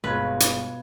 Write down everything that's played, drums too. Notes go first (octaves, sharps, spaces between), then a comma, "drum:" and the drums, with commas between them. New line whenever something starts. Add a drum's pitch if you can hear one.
G1 B2 G#3 F4 B4 G#6
drum: hi-hat